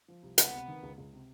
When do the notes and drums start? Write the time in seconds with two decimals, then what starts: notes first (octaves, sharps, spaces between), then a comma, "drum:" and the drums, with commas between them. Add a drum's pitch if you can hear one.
0.08 F3
0.23 C2
0.38 C#2 B3, drum: hi-hat
0.53 C3
0.68 D#3
0.83 C#2
0.98 C#2
1.13 C3